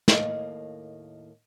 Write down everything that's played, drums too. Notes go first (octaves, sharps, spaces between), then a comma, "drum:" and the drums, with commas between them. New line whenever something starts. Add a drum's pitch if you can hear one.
D#2 A2 A#3 D#5 F5, drum: snare